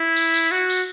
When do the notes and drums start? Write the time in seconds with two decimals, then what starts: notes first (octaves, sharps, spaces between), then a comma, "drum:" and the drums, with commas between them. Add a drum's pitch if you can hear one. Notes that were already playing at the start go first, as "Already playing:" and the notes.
Already playing: E4
0.16 drum: tambourine
0.34 drum: tambourine
0.51 F#4
0.69 drum: tambourine